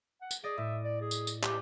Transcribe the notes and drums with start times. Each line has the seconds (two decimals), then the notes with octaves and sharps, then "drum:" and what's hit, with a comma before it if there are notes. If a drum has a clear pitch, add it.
0.21 F#5
0.31 drum: tambourine
0.44 G#4 D5 D#5
0.58 A2 E5
0.84 D5
1.01 G#4
1.11 drum: tambourine
1.27 drum: tambourine
1.43 G4, drum: clap